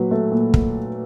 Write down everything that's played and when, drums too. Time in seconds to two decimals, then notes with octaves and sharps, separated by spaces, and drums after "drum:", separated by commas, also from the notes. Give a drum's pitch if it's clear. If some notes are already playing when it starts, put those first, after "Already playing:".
Already playing: A#2 F#3 B4
0.11 A3
0.31 A#2
0.54 drum: kick